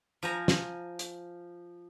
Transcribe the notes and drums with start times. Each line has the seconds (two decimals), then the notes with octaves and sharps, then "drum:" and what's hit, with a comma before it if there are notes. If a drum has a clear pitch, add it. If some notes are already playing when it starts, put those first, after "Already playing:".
0.23 F3 G#5 A#5
0.48 drum: snare
0.99 drum: hi-hat